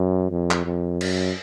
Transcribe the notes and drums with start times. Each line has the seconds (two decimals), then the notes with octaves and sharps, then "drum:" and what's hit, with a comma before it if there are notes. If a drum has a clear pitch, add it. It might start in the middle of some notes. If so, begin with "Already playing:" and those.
Already playing: F#2
0.30 F2
0.51 drum: clap
0.65 F2
1.01 F#2, drum: cymbal